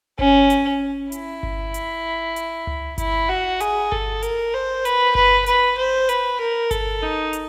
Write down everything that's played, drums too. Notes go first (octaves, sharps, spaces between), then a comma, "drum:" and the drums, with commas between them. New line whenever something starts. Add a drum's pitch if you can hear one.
C#4, drum: kick G1
drum: hi-hat
E4, drum: hi-hat
drum: kick G1
drum: hi-hat
drum: hi-hat
drum: tom C#2
E4, drum: kick G1, hi-hat
F#4
G#4, drum: hi-hat
A4, drum: kick G1
A#4, drum: hi-hat
C5
B4, drum: hi-hat
B4, drum: kick G1
B4, drum: hi-hat
C5
B4, drum: hi-hat
A#4
A4, drum: kick G1, hi-hat
D#4
drum: hi-hat